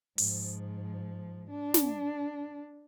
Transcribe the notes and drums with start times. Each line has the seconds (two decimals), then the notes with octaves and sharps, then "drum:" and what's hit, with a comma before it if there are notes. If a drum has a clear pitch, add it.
0.18 G#2 F3, drum: open hi-hat
1.50 D4
1.74 drum: snare